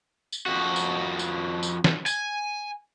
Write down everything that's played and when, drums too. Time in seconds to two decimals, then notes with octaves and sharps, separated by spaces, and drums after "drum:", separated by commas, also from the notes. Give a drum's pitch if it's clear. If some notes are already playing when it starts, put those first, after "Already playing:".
0.32 drum: tambourine
0.46 F2 F#4
0.76 drum: tambourine
1.19 drum: tambourine
1.63 drum: tambourine
1.84 drum: snare
2.06 G#5, drum: tambourine